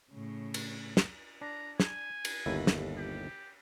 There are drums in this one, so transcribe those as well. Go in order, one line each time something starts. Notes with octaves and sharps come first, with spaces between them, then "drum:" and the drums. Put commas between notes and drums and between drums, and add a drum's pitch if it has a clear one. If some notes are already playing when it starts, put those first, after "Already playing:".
A2 C#3
drum: cymbal
drum: snare
D4 A#5
G#5, drum: snare
drum: cymbal
G1 D#2 E4
drum: snare
G4